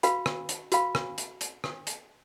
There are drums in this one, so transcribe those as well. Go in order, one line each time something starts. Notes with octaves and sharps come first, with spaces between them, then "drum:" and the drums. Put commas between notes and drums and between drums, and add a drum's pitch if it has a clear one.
F#4 B4 F5 B5, drum: hi-hat
drum: rim click
drum: hi-hat
F#4 B4 F5 B5, drum: hi-hat
drum: rim click
drum: hi-hat
drum: hi-hat
drum: rim click
drum: hi-hat